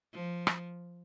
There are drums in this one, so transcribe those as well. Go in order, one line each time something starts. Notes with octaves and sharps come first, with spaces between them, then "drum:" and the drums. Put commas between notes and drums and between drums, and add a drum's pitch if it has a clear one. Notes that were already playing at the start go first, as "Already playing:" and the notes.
F3
drum: rim click